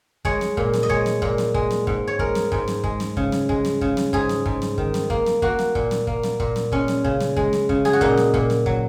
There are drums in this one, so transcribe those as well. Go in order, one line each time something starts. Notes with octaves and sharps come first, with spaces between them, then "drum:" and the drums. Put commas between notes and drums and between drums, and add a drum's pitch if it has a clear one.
G#3 C#5, drum: kick
drum: snare
A#2, drum: kick
drum: snare
D#5
G#3 C#5, drum: kick
drum: snare
A#2, drum: kick
drum: snare
G#3, drum: kick
drum: snare
G#2, drum: kick
C#5
G#3 A#4, drum: kick
drum: snare
G#2, drum: kick
drum: snare
G#3, drum: kick
drum: snare
C#3, drum: kick
drum: snare
G#3, drum: kick
drum: snare
C#3, drum: kick
drum: snare
G#2 G#4, drum: kick
drum: snare
G#2, drum: kick
drum: snare
D#3, drum: kick
drum: snare
A#3, drum: kick
drum: snare
A#3 F#4, drum: kick
drum: snare
A#2, drum: kick
drum: snare
A#3, drum: kick
drum: snare
A#2, drum: kick
drum: snare
G#3 C#4, drum: kick
drum: snare
C#3, drum: kick
drum: snare
G#3, drum: kick
drum: snare
C#3, drum: kick
G#4, drum: snare
F#4
A#2 D#4, drum: kick
drum: snare
A#2, drum: kick
drum: snare
F#3, drum: kick